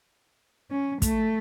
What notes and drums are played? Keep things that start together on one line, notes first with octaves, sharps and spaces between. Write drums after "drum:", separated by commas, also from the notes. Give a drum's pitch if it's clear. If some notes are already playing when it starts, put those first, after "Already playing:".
C#4
A3, drum: kick, hi-hat